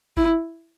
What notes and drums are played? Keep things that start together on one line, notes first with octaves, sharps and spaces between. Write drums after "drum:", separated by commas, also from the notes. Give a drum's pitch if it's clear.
E4, drum: kick G1